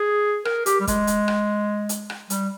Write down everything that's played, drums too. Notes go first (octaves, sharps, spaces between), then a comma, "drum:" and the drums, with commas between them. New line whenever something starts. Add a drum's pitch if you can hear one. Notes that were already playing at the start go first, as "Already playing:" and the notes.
Already playing: G#4
A#4, drum: rim click
G4, drum: hi-hat
G3
G#3, drum: kick, hi-hat
drum: hi-hat
drum: rim click
drum: hi-hat
drum: rim click
G3, drum: hi-hat